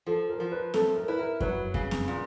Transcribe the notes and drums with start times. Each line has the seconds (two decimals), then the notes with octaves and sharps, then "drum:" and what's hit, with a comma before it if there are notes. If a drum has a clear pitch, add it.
0.06 F3 A4
0.29 A#4
0.40 F3
0.52 B4
0.74 A3 A4, drum: snare
0.96 A#4
1.08 E4 B4
1.19 A#4
1.40 F#3 B4, drum: kick F#2
1.74 C#3, drum: kick F#2
1.91 drum: snare
2.08 A#2